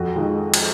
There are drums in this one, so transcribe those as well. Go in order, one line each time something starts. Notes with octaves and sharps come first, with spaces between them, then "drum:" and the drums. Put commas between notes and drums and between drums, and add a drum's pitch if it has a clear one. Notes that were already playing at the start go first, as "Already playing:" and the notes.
Already playing: F2 F#4
D#3 G#3 F4
drum: cymbal